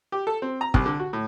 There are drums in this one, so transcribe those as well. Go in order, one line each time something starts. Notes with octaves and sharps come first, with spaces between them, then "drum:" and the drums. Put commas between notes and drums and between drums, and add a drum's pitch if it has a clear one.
G4
A4
C4
A#5
C2, drum: kick
D3
F#4
A2